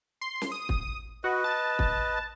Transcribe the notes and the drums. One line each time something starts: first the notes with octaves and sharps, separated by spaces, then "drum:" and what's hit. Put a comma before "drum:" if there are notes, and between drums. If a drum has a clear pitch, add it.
C6
drum: snare
D#6
drum: kick
F#4 B4 D#5
A5
drum: kick